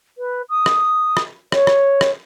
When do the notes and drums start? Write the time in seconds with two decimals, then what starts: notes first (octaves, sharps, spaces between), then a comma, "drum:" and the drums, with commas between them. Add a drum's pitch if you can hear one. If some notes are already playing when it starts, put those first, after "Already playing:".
0.18 B4
0.49 D#6
0.66 drum: rim click
1.17 drum: rim click
1.52 C#5, drum: rim click
1.67 drum: rim click
2.01 drum: rim click